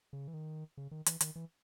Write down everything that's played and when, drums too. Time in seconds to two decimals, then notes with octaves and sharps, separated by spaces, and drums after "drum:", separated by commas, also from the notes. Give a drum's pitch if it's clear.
0.13 C#3
0.28 E3
0.34 D#3
0.77 C#3
0.91 D#3
1.06 E3, drum: hi-hat
1.21 D#3, drum: hi-hat
1.36 E3